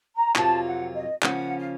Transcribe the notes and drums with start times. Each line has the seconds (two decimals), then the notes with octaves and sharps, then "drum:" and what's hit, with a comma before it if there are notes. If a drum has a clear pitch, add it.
0.15 A#5
0.35 F2 C3 F#3 A#3 F4 A5, drum: clap
0.65 F#5
0.94 D#5
1.23 C#3 F3 A#3 C#4 F#5, drum: clap
1.59 F5